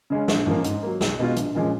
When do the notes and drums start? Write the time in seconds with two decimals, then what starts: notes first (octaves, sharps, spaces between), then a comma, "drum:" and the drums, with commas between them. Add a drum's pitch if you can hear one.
0.10 C#3 G#3 C#4
0.28 A#1, drum: snare
0.46 G#2 F3 A#3 C#4
0.64 G#2, drum: hi-hat
0.83 F#3 A#3
1.01 B1, drum: snare
1.19 B2 G#3 B3 F4
1.36 A#1, drum: hi-hat
1.55 A#2 F3 G#3 C#4